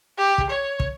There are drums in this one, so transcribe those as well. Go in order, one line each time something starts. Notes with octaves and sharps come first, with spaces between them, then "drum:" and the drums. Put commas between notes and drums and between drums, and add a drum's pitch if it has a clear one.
G4
drum: kick
C#5
drum: kick